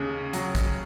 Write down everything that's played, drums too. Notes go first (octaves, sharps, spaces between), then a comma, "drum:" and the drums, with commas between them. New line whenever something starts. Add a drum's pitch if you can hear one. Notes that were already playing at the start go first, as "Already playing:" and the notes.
Already playing: D#2 C#3 C#4
F#3, drum: hi-hat
drum: kick, hi-hat